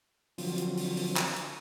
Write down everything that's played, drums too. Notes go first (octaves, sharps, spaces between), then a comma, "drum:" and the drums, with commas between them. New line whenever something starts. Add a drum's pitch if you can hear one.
D3 F3 F#3 C4, drum: open hi-hat
drum: hi-hat
drum: open hi-hat
drum: open hi-hat
drum: clap
drum: hi-hat